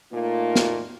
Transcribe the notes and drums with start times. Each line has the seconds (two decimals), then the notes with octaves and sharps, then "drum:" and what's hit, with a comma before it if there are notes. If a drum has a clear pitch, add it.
0.12 A#2 A3 A#3 D#4 F4
0.56 drum: snare